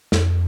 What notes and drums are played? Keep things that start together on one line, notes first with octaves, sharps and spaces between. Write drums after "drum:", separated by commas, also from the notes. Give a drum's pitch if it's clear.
F2, drum: snare